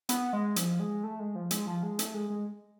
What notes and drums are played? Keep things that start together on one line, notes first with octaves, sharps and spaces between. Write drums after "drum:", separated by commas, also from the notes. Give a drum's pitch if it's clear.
B3, drum: hi-hat
G#3
F3, drum: hi-hat
G#3
A3
G#3
F3
G#3, drum: hi-hat
F3
G#3
A3, drum: hi-hat
G#3
G#3